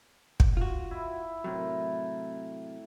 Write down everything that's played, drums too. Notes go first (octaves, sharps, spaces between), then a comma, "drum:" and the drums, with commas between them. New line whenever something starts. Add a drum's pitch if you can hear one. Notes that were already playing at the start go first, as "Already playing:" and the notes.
drum: kick
F4 F#4
E4
A2 C3 F#3 A#4